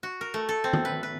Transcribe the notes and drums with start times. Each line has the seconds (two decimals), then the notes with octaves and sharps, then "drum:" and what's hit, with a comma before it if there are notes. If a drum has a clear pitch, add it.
0.03 F#4
0.21 A#4
0.34 A3
0.49 A4
0.64 C4
0.73 drum: tom D#3
0.85 B4
1.03 B4